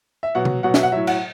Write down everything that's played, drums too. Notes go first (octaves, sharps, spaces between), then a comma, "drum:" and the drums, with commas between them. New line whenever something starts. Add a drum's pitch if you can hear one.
E5
B2 F#3 F#5
drum: tom C3
B2 F#3 F#5
E5, drum: snare
F#5
A2 F#3 E5
F#5, drum: cymbal